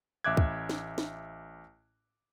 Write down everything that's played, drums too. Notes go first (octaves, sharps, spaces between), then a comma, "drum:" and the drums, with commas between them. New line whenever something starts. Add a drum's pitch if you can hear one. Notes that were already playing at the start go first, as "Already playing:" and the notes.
A1 E5 D6 F#6 G#6
drum: kick
drum: snare
drum: snare